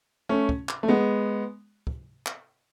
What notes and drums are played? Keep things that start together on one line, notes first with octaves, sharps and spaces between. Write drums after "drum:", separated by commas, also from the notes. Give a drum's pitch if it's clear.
A3 C#4
drum: kick
drum: clap
A3
G#3 B3
drum: kick
drum: clap